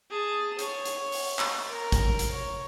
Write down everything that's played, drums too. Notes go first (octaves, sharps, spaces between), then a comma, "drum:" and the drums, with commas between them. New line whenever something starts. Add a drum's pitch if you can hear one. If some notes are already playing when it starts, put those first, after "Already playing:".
G#4 A5
C#5, drum: hi-hat
drum: hi-hat
drum: open hi-hat
drum: clap
A#4
drum: kick, hi-hat
drum: hi-hat
C#5